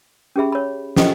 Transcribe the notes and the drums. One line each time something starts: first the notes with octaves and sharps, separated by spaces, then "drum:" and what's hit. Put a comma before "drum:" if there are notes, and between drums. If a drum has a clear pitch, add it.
C#4 G4 G#4 E5 B5
C#5 B5
C#4 F4 G4 A4 C5 D#5, drum: snare